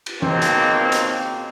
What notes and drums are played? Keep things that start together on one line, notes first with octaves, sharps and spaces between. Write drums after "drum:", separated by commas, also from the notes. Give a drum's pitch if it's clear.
drum: cymbal
C#2 B2 D#3 A#3 C4, drum: tom E3
drum: hi-hat
drum: hi-hat